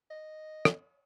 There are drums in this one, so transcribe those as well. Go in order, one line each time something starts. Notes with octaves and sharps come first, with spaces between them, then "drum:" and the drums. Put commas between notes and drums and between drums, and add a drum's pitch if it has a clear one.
D#5
drum: rim click